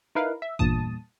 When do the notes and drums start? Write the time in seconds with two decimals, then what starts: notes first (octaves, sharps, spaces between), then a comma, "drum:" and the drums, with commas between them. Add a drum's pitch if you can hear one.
0.15 D#4 E4 A#4 B4 F5
0.42 E5
0.59 E2 G2 A#2 A5 D#6, drum: kick G#1